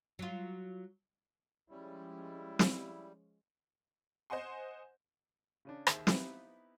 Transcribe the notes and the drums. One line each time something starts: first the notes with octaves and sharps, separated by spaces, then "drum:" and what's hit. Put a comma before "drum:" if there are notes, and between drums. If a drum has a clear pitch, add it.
F#3 F4
F3 G3 G#3 C#4 E4
drum: snare
C5 D#5 F#5 G#5 C6
C#3 C#4 D4
D#2 G#4 C5 E5, drum: rim click
B3 C4 D#4 E4 G4 B4, drum: snare